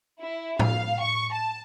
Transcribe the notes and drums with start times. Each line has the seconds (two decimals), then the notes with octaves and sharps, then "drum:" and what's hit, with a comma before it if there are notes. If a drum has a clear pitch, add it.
0.20 E4
0.59 F5, drum: tom A2
1.01 C#6
1.33 A5